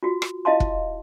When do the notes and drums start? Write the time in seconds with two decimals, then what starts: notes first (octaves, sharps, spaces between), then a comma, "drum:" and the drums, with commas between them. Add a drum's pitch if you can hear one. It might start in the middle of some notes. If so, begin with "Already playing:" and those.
0.03 F4 F#4
0.22 drum: rim click
0.45 E4 D#5 F5 A5 C6
0.60 drum: kick